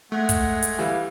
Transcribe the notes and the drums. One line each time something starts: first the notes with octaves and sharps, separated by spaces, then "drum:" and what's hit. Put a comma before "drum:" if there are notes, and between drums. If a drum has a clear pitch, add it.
G#3 A3 F#5
drum: kick, hi-hat
drum: hi-hat
E3 G3 F5